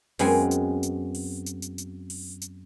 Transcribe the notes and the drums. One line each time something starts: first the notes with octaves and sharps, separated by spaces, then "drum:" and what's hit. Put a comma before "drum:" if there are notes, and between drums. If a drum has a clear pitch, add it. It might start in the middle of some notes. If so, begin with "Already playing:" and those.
F#2 G#3 B3 C4 G#5, drum: open hi-hat
drum: hi-hat
drum: hi-hat
drum: open hi-hat
drum: hi-hat
drum: hi-hat
drum: hi-hat
drum: open hi-hat
drum: hi-hat